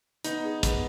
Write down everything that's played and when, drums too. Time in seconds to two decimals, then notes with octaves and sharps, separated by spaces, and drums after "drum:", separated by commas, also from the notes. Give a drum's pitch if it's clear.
0.24 B3 D#4, drum: hi-hat
0.44 G#4
0.63 B3, drum: kick, hi-hat